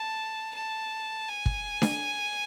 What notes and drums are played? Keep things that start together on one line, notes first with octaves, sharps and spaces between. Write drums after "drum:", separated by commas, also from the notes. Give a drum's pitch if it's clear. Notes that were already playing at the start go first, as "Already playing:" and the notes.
Already playing: A5
A5
G#5
drum: kick
drum: snare D4